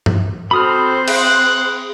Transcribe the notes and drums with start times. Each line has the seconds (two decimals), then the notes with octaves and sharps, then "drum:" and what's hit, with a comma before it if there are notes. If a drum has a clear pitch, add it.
0.06 drum: tom G2
0.51 C4 F#4 A4 C5 B5 D#6 F6
1.07 G#4 F#6, drum: cymbal